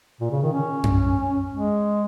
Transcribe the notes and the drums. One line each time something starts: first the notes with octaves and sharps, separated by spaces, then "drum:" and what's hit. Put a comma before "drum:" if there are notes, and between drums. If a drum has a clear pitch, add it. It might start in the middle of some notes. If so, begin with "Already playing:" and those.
A#2
C#3
D#3
C#4
drum: tom F#2
G#3